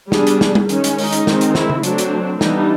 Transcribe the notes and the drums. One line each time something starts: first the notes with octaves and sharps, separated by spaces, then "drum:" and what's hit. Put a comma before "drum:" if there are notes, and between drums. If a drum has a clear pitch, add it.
G3 B3 D4 G#4, drum: snare
drum: hi-hat
drum: snare
drum: tom G3
D#3 G#3 C#4, drum: hi-hat
drum: hi-hat
D#4, drum: open hi-hat
drum: hi-hat
D#3 G#3 C4, drum: snare
drum: hi-hat
E4, drum: snare
drum: tom C#3
F#3 A3 C4 D4, drum: hi-hat
drum: hi-hat
E3 G3 B3 D4 D#4, drum: snare